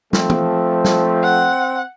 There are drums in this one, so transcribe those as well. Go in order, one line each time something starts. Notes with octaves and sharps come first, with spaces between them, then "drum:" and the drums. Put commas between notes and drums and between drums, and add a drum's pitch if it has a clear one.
F3 A3 C4, drum: snare
drum: tom
drum: snare
F#5